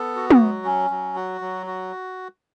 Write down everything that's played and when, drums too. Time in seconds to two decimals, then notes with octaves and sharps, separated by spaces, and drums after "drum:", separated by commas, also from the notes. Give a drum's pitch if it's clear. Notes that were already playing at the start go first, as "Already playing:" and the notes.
Already playing: B3 A4
0.16 F#4
0.30 drum: tom
0.41 F#3
0.65 C#4
0.90 F#3
1.16 F#4
1.41 F#3
1.66 F#4